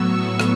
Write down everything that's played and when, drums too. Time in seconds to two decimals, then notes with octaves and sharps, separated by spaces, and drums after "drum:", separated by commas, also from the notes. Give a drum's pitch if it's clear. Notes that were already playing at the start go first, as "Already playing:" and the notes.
Already playing: A2 F#3 B3 C#6 E6
0.40 drum: rim click